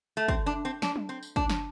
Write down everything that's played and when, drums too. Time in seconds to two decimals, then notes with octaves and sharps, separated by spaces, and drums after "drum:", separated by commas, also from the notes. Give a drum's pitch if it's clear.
0.17 A3
0.28 C4, drum: kick
0.46 D4
0.65 C4
0.82 D4, drum: snare
0.96 drum: tom F#3
1.09 C4
1.23 drum: tambourine
1.36 D4, drum: kick
1.50 drum: snare